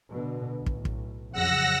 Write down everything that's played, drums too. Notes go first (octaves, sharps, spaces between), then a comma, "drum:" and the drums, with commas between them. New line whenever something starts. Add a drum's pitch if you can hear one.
B2 D3
B1 A2
drum: kick
drum: kick
F2 C#3 F#3 F#5 E6 A#6